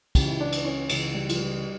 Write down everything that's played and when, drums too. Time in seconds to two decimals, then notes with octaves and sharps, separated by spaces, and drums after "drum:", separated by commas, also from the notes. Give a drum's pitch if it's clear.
0.15 C#2 C#3 E3 G4, drum: kick, cymbal
0.28 E4
0.40 D4
0.52 drum: cymbal
0.65 C#4
0.89 C#2 C#3 E3, drum: cymbal
1.14 G3
1.29 F3, drum: cymbal
1.39 G3